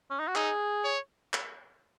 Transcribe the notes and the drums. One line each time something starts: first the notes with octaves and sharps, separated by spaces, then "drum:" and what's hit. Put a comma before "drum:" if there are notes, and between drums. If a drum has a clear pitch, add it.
C#4
D#4
F#4
D#4 G#4, drum: clap
C#5
drum: clap